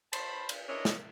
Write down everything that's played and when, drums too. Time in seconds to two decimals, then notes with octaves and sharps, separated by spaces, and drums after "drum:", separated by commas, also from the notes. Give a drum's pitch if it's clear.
0.13 C5 C#5 A5 B5, drum: cymbal
0.49 drum: cymbal
0.68 D4 E4 A#4 C#5 D#5
0.85 drum: snare